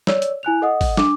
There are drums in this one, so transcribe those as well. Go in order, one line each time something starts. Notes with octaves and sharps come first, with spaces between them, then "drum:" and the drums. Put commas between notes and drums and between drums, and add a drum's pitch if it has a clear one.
C#5 D5 E6, drum: snare
drum: hi-hat
E4 G#5 F#6 F7
A4 D#5 F#5 D#6
drum: kick G#1, open hi-hat
D4 D6, drum: snare